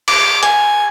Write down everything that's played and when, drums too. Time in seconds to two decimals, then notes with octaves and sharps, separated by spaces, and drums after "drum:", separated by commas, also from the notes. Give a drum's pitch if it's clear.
0.08 D6, drum: cymbal
0.43 G#5, drum: hi-hat